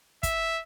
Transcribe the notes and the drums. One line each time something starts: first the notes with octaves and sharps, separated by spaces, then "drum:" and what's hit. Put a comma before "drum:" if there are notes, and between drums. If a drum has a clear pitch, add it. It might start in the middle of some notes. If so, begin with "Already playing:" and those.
E5, drum: kick, hi-hat